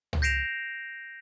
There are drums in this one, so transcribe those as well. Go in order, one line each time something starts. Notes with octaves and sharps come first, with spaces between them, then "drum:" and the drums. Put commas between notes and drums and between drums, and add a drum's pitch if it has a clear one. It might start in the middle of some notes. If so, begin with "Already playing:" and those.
drum: tom C#2
G6 A#6 C7 D7 E7 F7